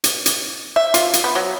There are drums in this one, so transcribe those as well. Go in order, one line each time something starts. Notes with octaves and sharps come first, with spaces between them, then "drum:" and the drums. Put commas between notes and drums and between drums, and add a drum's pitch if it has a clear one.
drum: hi-hat
drum: hi-hat
E5
F4, drum: hi-hat
drum: hi-hat
B3
F#3